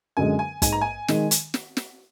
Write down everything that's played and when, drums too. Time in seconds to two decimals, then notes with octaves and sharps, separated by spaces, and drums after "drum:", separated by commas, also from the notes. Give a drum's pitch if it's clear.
0.17 F#2 D3 G#3 G#5
0.39 G#5
0.62 G#2 G#5, drum: kick, hi-hat
0.72 A#5
0.81 G#5
1.08 D#3 G#3, drum: snare
1.31 drum: hi-hat
1.54 drum: snare
1.77 drum: snare